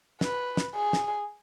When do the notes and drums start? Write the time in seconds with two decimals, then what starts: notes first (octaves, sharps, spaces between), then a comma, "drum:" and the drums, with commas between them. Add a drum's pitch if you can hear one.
0.21 B4, drum: snare
0.57 drum: snare
0.75 G#4
0.93 drum: snare